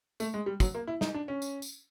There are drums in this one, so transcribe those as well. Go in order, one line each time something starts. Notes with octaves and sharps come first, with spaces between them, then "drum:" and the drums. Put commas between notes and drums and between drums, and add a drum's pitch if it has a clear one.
A3, drum: tambourine
G#3
G3
F#3, drum: kick, tambourine
A#3
E4
D#4, drum: snare
D4
C#4
drum: tambourine
drum: tambourine